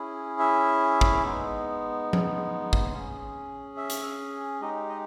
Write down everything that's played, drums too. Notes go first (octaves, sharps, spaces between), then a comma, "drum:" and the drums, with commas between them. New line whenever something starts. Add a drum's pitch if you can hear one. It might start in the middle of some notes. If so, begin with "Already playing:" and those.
Already playing: C#4 E4 G#4
E5
drum: kick
G#3 B3 D#4
drum: tom F3
drum: kick
C#4 G#4
E5
drum: hi-hat
G#3 D#4 G4 D#5
D#5